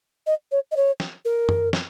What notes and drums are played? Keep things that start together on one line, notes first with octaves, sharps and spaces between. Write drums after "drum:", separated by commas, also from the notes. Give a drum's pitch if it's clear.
D#5
C#5
D#5
C#5
drum: snare
A#4
drum: tom F#2
drum: snare